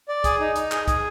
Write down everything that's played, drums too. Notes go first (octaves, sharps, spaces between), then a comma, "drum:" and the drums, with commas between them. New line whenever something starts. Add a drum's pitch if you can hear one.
D5
G#4, drum: kick, hi-hat
D#4
D#4, drum: hi-hat
G#4, drum: clap
G#4, drum: kick, hi-hat